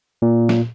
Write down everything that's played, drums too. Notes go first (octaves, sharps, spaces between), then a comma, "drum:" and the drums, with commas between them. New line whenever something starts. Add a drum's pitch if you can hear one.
A#2
drum: snare